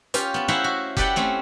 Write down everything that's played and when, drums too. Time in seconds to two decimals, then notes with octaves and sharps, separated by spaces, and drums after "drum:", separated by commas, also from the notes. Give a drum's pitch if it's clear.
0.14 C#4 F4 G4, drum: hi-hat
0.34 B3 A5
0.48 C#4 E4 C5 E5 F#5 A#5
0.64 F#4
0.97 G4 A4 B4 D5 F#5 G5, drum: kick F1
1.16 A3 C4 C#4